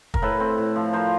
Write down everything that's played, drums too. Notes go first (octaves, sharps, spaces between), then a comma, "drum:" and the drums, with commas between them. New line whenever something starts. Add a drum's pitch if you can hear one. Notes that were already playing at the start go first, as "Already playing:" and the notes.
A#4, drum: kick
A2 A4 B4
C4
A2
F3
F3 A#4 C5